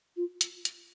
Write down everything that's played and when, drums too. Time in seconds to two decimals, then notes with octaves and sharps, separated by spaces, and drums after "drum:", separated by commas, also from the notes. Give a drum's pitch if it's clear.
0.16 F4
0.41 drum: hi-hat
0.65 drum: hi-hat